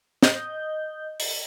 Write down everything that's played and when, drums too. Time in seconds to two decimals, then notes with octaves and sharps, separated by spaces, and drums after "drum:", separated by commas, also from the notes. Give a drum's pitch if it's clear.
0.23 D#5 G6, drum: snare
1.20 drum: open hi-hat